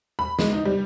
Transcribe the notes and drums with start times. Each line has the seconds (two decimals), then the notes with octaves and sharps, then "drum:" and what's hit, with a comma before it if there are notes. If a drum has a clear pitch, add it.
0.19 B5
0.39 G#3, drum: snare
0.53 D#4
0.65 G3